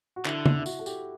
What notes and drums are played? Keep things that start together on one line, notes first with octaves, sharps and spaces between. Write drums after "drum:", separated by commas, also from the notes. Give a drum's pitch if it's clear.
F#4
D3 E4, drum: clap
drum: tom
E4
F#4, drum: tambourine
A4
G4, drum: tambourine